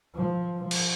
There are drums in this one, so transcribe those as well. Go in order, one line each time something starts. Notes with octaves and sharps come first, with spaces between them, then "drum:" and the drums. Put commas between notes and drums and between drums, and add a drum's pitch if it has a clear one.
F3
F3
drum: cymbal